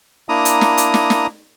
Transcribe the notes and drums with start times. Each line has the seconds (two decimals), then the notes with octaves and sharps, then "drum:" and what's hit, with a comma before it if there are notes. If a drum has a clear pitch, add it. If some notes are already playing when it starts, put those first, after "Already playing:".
0.29 A#3 D4 E4 A#5 D#6
0.45 drum: hi-hat
0.61 drum: snare
0.78 drum: hi-hat
0.94 drum: snare
1.10 drum: snare